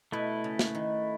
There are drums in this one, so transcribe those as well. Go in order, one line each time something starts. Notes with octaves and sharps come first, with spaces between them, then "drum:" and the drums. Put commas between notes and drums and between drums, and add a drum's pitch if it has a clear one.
B2 A3 E4 B4
C#3
drum: snare
D#3